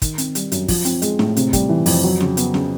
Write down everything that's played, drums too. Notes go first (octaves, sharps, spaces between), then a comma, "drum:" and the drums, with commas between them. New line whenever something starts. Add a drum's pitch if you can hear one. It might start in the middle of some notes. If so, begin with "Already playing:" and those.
D#3, drum: kick, hi-hat
C4, drum: hi-hat
G3, drum: hi-hat
F#2, drum: hi-hat
F3, drum: kick, open hi-hat
C4, drum: hi-hat
G#3, drum: hi-hat
A2, drum: snare
C3, drum: hi-hat
G3, drum: kick, hi-hat
E3
F2, drum: open hi-hat
F#3
C#3, drum: snare
B3, drum: hi-hat
C#3, drum: snare